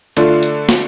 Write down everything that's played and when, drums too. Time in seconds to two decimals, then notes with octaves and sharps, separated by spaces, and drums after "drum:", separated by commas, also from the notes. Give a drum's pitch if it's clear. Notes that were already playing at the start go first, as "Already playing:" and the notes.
0.17 D3 A3 D4 F4, drum: hi-hat
0.43 drum: hi-hat
0.69 drum: snare